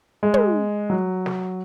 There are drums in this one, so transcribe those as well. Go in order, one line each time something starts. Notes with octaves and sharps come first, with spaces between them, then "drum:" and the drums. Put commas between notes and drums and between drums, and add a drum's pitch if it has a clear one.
G#3
drum: tom
F#3
drum: snare